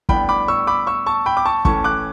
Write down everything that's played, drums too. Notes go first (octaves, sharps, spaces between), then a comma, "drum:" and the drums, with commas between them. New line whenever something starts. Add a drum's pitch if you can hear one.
A2 G3 B3 D4 G5 B5, drum: kick
B5 D6
C#6 E6
B5 D6
C#6 E6
A5 C#6
G5 B5
D6
A5 C#6
A2 E3 A3 C#4 A5 C#6, drum: kick
D6 F#6